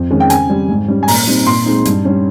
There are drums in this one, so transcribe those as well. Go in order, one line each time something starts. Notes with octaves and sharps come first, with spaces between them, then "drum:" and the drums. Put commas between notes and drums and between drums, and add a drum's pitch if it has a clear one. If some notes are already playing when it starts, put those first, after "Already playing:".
Already playing: F2
D#3 G#3 C#4
G5
C#3 G#5, drum: hi-hat
G3 C4
G#2
G3 C#4
G#5
A#2 A#5, drum: open hi-hat
G3 C4 D#4
A#2 C6
G#3 C4 D#4
G2, drum: hi-hat
G3 C#4